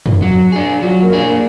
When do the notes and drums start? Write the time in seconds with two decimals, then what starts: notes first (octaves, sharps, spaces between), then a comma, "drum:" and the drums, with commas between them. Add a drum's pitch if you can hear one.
0.06 drum: tom
0.22 F#3 F#4
0.52 D4 G#4
0.82 F#3 F4
1.02 A#3
1.13 D4 G#4
1.22 A#3